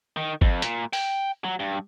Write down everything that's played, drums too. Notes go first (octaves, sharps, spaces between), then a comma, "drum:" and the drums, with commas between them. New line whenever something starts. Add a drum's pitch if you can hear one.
D#3
F2, drum: kick G1
A#2, drum: hi-hat
G5, drum: open hi-hat
F#3
G2